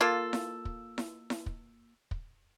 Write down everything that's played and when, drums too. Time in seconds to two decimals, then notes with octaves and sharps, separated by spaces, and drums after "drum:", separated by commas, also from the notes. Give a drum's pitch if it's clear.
0.01 A#3 F4 A4
0.33 drum: snare E4
0.65 drum: kick
0.98 drum: snare E4
1.30 drum: snare E4
1.46 drum: kick
2.11 drum: kick